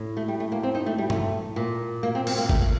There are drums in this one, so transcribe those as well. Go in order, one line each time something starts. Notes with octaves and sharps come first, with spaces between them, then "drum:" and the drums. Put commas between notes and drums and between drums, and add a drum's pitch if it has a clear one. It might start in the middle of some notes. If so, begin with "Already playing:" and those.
Already playing: A2
A3
G3
A3
A#3
C4
D#4
A3
G3
A3, drum: tom G2
A#2
A#3
C4
C4, drum: cymbal
A#3
A3, drum: kick